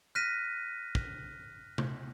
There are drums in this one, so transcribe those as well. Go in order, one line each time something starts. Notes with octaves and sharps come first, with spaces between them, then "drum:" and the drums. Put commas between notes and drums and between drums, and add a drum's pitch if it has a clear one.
F6 F#6 A#6 B6 D#7
drum: kick
drum: tom C3